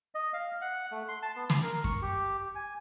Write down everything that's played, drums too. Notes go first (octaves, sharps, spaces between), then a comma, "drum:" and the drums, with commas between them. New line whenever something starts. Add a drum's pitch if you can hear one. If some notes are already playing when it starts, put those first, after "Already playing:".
D#5
F5
F#5
A3
C6
A5
B3
C6, drum: snare
A#4
C#6, drum: kick F#2
G4
G#5